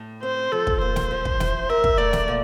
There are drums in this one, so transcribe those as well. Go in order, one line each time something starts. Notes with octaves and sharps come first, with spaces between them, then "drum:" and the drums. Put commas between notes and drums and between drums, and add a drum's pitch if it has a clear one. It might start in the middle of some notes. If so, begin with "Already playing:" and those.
Already playing: A2
C4 C5
F3 A4
drum: kick
A#3 C5
drum: snare
F3
drum: kick
E4, drum: snare
A#4 E5
drum: kick
A3 D5
drum: snare
A#2